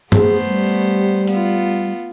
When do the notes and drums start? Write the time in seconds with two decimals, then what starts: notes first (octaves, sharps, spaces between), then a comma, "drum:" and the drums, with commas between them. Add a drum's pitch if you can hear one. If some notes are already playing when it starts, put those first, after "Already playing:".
0.12 A3 B3 G#4 C5, drum: tom G2
0.46 G3
1.27 B3 F4, drum: tambourine